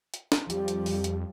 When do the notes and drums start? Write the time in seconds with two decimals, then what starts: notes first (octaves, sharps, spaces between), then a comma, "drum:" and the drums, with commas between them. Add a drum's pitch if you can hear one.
0.14 drum: hi-hat
0.32 drum: snare
0.50 F2 F3 G3 G4, drum: hi-hat
0.68 drum: hi-hat
0.86 drum: open hi-hat
1.04 drum: hi-hat